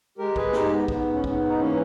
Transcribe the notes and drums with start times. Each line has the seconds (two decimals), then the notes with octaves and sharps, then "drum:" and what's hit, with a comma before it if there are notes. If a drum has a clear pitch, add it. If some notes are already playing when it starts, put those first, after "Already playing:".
0.18 G#3 G4 A#4
0.36 G#4 B4, drum: kick
0.53 G#2 D#4 G4, drum: snare
0.71 B3
0.88 G#2 B3, drum: kick
1.13 C#4
1.24 G#2 B3, drum: kick
1.49 D#4
1.59 E3 A#3 C#4